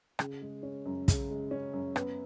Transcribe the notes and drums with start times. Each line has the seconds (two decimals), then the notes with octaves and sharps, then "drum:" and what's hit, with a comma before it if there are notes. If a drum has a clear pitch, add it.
0.19 C#3, drum: rim click
0.42 G#3
0.63 C#4
0.86 F#2
1.08 C#3, drum: kick, hi-hat
1.30 G#3
1.51 C#4
1.73 F#2
1.96 B3, drum: rim click